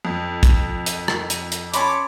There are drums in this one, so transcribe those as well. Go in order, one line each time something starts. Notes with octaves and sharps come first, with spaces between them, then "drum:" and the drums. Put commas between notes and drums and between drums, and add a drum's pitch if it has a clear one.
F2
drum: kick, hi-hat
drum: hi-hat
drum: rim click
drum: hi-hat
drum: hi-hat
C#4 C#5 A5 B5 C6 D6, drum: hi-hat